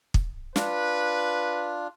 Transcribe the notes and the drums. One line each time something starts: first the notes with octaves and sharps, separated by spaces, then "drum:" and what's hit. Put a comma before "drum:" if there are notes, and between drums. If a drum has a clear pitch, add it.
drum: kick
D4 F4 B4, drum: snare